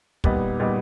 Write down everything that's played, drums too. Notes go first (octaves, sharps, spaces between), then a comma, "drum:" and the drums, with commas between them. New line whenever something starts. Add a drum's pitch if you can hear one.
A#2 G3 B3 D#4, drum: kick
A#2 G3 B3 D#4